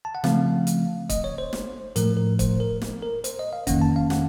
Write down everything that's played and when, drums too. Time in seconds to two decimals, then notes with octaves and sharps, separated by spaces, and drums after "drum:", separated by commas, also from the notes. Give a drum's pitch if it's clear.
0.05 A5
0.15 F#5
0.24 C#3 F3 A3 C4 F5, drum: snare
0.67 drum: hi-hat
1.10 D#5, drum: kick, hi-hat
1.24 C#5
1.38 C5
1.53 drum: snare
1.96 A2 F3 A3 A#4, drum: hi-hat
2.17 A#4
2.39 C5, drum: kick, hi-hat
2.60 A#4
2.82 drum: snare
3.02 A#4
3.24 C5, drum: hi-hat
3.39 D#5
3.53 F5
3.67 F2 D#3 A#3 C#4 F#5, drum: kick, hi-hat
3.82 A5
3.96 F5
4.10 F#5, drum: snare